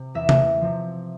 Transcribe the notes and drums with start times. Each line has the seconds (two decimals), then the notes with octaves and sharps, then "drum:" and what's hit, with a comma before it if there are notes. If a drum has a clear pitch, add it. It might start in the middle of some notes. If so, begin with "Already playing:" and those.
Already playing: C3
0.14 E2 E5
0.29 drum: tom C3
0.61 C3 F3